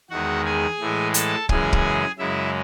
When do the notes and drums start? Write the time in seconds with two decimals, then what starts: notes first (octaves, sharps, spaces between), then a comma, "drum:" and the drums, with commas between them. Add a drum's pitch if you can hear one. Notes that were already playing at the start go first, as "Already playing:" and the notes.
0.10 E2 D#3 G#3 F#4 F#5
0.45 G#4 G#5
0.80 A2 E3 G#3
1.14 A4 A5, drum: hi-hat
1.49 F#2 C#3 E3 G#3 G#4 G#5, drum: kick
1.73 drum: kick
2.19 F#2 C#3 G#3 E4 E5